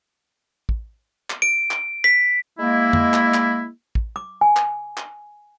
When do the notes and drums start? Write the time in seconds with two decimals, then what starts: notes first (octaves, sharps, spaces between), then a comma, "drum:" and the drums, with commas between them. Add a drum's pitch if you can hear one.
0.69 drum: kick
1.30 drum: clap
1.42 D7
1.71 drum: clap
2.04 B6
2.59 G#3 A#3 E4
2.93 drum: tom F2
3.14 drum: clap
3.34 drum: clap
3.95 drum: kick
4.16 D6
4.41 G#5
4.57 drum: clap
4.97 drum: clap